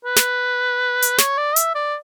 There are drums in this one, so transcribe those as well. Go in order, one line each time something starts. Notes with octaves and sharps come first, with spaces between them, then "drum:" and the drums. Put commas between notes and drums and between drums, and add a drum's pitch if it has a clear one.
B4
drum: snare
drum: hi-hat
C#5, drum: snare
D5
E5, drum: hi-hat
D5